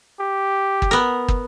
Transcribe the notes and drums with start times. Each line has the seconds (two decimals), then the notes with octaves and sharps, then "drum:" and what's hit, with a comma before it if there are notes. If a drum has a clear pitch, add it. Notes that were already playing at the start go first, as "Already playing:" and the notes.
0.20 G4
0.82 drum: kick
0.91 B3 A#4
1.28 drum: kick